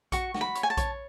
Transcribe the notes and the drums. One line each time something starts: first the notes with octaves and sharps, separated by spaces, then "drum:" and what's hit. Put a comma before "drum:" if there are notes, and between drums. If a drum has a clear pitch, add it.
F#4 C#6, drum: kick A#1, hi-hat
F#4, drum: snare
B5
C#5, drum: hi-hat
G#5
A5
C#5, drum: kick A#1, hi-hat